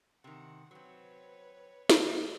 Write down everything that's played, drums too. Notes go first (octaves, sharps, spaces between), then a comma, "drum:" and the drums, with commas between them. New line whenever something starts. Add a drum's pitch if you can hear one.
C3 D#3 F#5
F#3 C4 B4 C#5
drum: snare